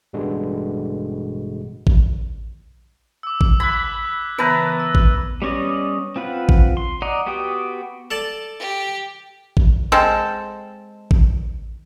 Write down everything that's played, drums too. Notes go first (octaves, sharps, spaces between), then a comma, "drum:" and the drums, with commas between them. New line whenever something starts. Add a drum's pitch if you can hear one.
A1 G2 B2 D3 G#3
drum: kick A1
D6 E6
drum: kick A1
B5 F#6 G#6
C#3 E3 B3 B4 A5 A#5
E6
drum: kick A1
G3 B3 C#4 D5 D#5
C4 F4 B4 F#5
drum: kick A1
C6
D5 D#5 F#5 A#5
B3 F#4 G4 G5 D#6
A4 D5 A5
G4
drum: kick A1
G#3 C4 A4
drum: kick A1